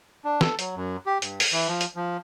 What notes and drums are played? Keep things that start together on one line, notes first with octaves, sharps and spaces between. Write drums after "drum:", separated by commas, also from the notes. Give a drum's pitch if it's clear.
D4
A4, drum: snare
F#3, drum: hi-hat
F#2
G4
G2, drum: hi-hat
drum: open hi-hat
E3
F3
drum: hi-hat
F3